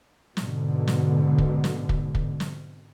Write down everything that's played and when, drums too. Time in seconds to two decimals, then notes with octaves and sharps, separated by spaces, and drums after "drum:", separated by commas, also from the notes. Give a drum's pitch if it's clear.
0.37 G#2 B2 D3, drum: snare
0.87 drum: snare
1.38 drum: kick
1.64 drum: snare
1.89 drum: kick
2.15 drum: kick
2.40 drum: snare